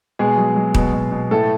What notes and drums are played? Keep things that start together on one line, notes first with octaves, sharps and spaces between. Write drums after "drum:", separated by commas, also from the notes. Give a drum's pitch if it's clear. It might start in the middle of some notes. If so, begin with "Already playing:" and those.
B2 G#3 G#4
F#3
F#3
B2, drum: kick D#1
B2
B2
A2 A3 A4